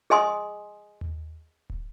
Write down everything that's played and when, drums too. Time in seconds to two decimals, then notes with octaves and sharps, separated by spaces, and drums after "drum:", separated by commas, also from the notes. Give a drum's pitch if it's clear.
0.10 G#4 D#5 G#5 C6 D#6
1.01 drum: tom D#2
1.70 drum: kick